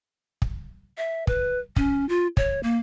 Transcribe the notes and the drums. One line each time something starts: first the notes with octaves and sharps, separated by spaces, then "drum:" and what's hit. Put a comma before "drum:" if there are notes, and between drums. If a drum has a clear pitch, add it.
drum: kick
E5
B4, drum: kick
C#4, drum: kick
F4
C#5, drum: kick
A#3